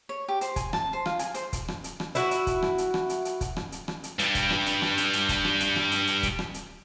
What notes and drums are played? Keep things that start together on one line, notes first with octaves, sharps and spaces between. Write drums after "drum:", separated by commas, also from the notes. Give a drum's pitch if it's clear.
C#5
G4
C5, drum: hi-hat
G#5, drum: kick, hi-hat
A5, drum: rim click
C5
F4, drum: rim click
G#5, drum: hi-hat
C5, drum: hi-hat
drum: kick, hi-hat
drum: rim click
drum: hi-hat
drum: rim click
E4 F#4, drum: hi-hat
drum: hi-hat
drum: kick, hi-hat
drum: rim click
drum: hi-hat
drum: rim click
drum: hi-hat
drum: hi-hat
drum: kick, hi-hat
drum: rim click
drum: hi-hat
drum: rim click
drum: hi-hat
G2 G3, drum: hi-hat
drum: kick, hi-hat
drum: rim click
drum: hi-hat
drum: rim click
drum: hi-hat
drum: hi-hat
drum: kick, hi-hat
drum: rim click
drum: hi-hat
drum: rim click
drum: hi-hat
drum: hi-hat
drum: kick, hi-hat
drum: rim click
drum: hi-hat